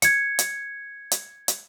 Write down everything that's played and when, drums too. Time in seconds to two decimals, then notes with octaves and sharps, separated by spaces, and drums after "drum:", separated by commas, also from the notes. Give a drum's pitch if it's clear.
0.02 G#6 C#7, drum: hi-hat
0.39 drum: hi-hat
1.12 drum: hi-hat
1.48 drum: hi-hat